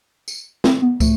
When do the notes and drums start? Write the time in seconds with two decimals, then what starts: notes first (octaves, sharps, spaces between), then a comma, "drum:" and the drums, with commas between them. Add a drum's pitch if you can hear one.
0.28 drum: tambourine
0.64 C4, drum: snare
0.82 B3
1.00 A3, drum: kick, tambourine